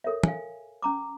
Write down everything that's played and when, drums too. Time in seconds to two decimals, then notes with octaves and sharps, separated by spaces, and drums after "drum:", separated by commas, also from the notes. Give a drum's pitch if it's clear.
0.04 A4 A#4 C#5 E5
0.23 F5 G#5, drum: tom
0.82 C#4 A#5 D6